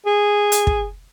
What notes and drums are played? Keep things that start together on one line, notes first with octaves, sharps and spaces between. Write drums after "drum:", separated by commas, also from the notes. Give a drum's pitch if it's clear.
G#4
drum: hi-hat
drum: kick